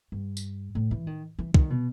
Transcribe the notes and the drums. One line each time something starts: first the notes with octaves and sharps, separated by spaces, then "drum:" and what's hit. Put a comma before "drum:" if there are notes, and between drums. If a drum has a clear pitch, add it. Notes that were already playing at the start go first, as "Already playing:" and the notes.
G2
drum: tambourine
A2
E3
D#3
E3
D#3, drum: kick
B2